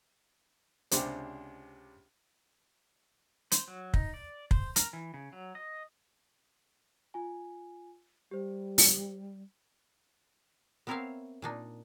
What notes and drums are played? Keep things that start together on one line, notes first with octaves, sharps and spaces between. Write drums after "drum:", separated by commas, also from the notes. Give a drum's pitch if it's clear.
C#2 C3 D4 G4 C5, drum: hi-hat
C5, drum: hi-hat
F#3
D#4, drum: kick
D5
C5, drum: kick
A#4, drum: hi-hat
E3
C#3
F#3
D#5
F4 G#5
G3 G4 C5
drum: open hi-hat
B3 C4 A#4 C#5 E5 F5
A#2 D4 D#4